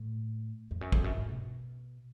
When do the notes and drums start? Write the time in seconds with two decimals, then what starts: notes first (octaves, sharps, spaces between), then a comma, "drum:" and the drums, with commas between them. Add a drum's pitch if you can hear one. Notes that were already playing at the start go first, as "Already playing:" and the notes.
Already playing: A2
0.71 F2
0.81 F#2
0.92 F2, drum: kick
1.04 F#2
1.16 G#2
1.29 B2